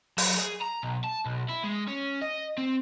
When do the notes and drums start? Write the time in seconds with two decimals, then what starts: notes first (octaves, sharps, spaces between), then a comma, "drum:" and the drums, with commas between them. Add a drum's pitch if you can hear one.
0.18 F#3, drum: open hi-hat
0.37 G#4
0.62 A#5
0.83 B1
1.04 A5
1.26 B1
1.49 E4
1.64 G#3
1.88 C#4
2.22 D#5
2.58 C4